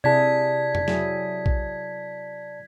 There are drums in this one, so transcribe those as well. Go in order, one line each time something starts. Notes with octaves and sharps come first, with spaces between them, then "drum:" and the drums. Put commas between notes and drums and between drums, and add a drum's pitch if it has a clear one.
C3 E4 G#4 D5 A5 G#6 B6
drum: tom F2
F#3 E4 G#4, drum: snare
drum: kick A#1